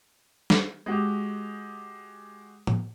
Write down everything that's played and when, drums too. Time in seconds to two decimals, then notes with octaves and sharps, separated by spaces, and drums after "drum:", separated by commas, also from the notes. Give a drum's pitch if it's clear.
0.50 drum: snare
0.86 G#3 F#4 G4
2.67 drum: tom A2